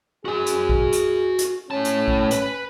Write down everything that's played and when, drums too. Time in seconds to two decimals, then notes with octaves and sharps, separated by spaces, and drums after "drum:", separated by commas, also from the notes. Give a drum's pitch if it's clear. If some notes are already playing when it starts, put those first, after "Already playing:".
0.25 F#4 G#4 G#5
0.46 drum: hi-hat
0.69 drum: kick A#1
0.92 drum: hi-hat
1.39 drum: hi-hat
1.71 A2 C#4 A5
1.85 drum: hi-hat
2.08 drum: kick A#1
2.31 B4, drum: hi-hat